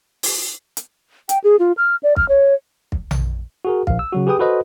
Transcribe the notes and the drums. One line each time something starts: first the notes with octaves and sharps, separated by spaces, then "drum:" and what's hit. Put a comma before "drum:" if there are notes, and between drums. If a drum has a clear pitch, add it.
drum: open hi-hat
drum: hi-hat
G5, drum: hi-hat
G#4
F4
F6
D5
F6, drum: kick
C#5
drum: kick
drum: tom A#1
F#4 G#4 A#4
A#1 F5, drum: kick
E6
C#3 F#3 F#4
G4 G#4 B4 G5 D#6
F#4 A4 B4 C5 D#5